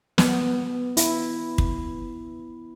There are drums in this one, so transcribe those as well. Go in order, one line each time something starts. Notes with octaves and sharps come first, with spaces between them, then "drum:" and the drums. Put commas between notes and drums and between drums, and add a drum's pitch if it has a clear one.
B3, drum: snare
E4, drum: hi-hat
drum: kick